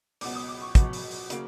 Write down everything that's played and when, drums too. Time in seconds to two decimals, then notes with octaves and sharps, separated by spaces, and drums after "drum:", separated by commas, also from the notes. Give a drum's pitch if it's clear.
0.21 C#2 B2 F#3 B3 D6, drum: open hi-hat
0.35 D#6
0.48 D6
0.62 C#6
0.75 C#2 B2 F#3 B3, drum: kick, hi-hat
0.93 drum: open hi-hat
1.11 drum: open hi-hat
1.30 C#3 F#3 A#3, drum: hi-hat